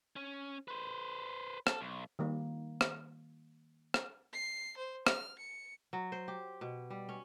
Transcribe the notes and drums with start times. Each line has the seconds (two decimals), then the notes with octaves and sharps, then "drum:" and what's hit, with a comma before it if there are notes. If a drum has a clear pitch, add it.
0.16 C#4
0.68 B4 C5
1.67 A4, drum: rim click
1.80 B1
2.19 D#3 G3 A#3
2.81 drum: rim click
3.94 drum: rim click
4.33 C7
4.77 C5
5.07 F6, drum: rim click
5.39 C#7
5.93 F#3
6.12 C5
6.28 G4
6.61 B2
6.90 G3
7.09 C#4